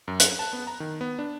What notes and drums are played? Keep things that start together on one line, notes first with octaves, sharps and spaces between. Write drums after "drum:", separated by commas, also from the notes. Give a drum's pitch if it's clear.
F#2
F#6, drum: hi-hat
A5
B3
A#5
D#3
B3
D4